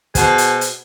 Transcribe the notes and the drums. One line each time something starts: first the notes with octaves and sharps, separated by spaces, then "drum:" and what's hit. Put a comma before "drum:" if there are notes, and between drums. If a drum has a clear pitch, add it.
B2 G#4 C5, drum: kick, hi-hat
drum: hi-hat
drum: hi-hat